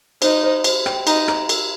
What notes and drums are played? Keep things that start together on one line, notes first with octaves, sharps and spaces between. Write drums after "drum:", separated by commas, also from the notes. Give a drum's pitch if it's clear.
D#4 C5, drum: cymbal
C5
C5, drum: cymbal
G5, drum: rim click
D#4 A#5, drum: cymbal
A#5, drum: rim click
A#4, drum: cymbal